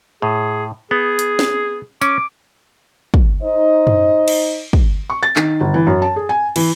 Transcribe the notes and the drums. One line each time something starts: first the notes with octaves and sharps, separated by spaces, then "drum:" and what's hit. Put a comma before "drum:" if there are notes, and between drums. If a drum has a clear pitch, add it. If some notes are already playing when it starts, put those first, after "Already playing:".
A2 G#4
B3 G#4
drum: hi-hat
drum: snare
C#4 D6, drum: tambourine
drum: kick
D#4 C5 D#5
drum: tom F#2
drum: cymbal
drum: kick
C#6
A6
D#3, drum: clap
G1
E3
F#2
A5
G#4
G#5
E3, drum: cymbal